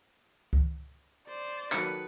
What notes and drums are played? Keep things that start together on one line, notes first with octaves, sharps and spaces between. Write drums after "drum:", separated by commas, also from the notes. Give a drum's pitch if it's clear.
drum: kick C#2
C5 D5
D#3 F#3 A4 B4 C#7, drum: clap